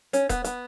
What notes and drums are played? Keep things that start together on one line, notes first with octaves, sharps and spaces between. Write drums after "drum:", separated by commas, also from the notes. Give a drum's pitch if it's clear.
C#4, drum: hi-hat
B3, drum: kick D#1, hi-hat
B3, drum: hi-hat